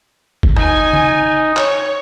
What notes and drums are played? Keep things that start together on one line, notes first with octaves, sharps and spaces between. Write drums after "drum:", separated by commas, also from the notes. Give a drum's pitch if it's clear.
drum: kick F#1
D#4 G#5, drum: rim click
drum: tom C#3
C#5, drum: clap